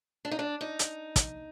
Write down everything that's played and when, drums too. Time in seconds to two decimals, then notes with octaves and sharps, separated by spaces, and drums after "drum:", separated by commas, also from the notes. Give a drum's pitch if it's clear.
0.25 D4
0.31 D#4
0.39 D4
0.61 D#4
0.79 drum: hi-hat
1.16 drum: kick, hi-hat